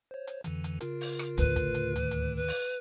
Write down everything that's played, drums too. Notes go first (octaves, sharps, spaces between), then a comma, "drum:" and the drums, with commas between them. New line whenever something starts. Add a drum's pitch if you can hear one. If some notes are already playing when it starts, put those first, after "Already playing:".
C5 C#5
drum: hi-hat
F2 D3 E3, drum: hi-hat
drum: hi-hat
C#3 F4 A#4, drum: hi-hat
drum: open hi-hat
drum: rim click
D2 A2 B4, drum: hi-hat
drum: kick, hi-hat
drum: hi-hat
D#2 D#3, drum: hi-hat
drum: hi-hat
B4
drum: open hi-hat